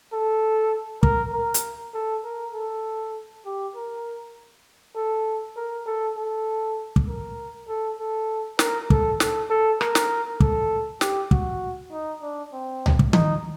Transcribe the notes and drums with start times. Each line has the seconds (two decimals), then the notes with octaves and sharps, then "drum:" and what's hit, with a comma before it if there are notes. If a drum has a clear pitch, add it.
0.13 A4
1.03 A#4, drum: kick
1.33 A#4
1.54 drum: hi-hat
1.94 A4
2.25 A#4
2.54 A4
3.46 G4
3.75 A#4
4.96 A4
5.57 A#4
5.87 A4
6.17 A4
6.96 drum: kick
7.08 A#4
7.68 A4
7.99 A4
8.59 A#4, drum: snare
8.90 A4, drum: kick
9.20 A4, drum: snare
9.50 A4
9.81 A#4, drum: rim click
9.95 drum: snare
10.40 A4, drum: kick
11.01 G4, drum: snare
11.31 F#4, drum: kick
11.92 D#4
12.22 D4
12.53 C4
12.86 drum: tom C#2
12.99 drum: kick
13.13 D#4, drum: tom D#3